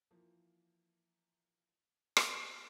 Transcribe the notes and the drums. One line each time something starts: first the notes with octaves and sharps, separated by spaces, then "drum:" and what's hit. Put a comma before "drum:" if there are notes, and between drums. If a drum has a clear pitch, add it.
E3 F3 A#3
drum: rim click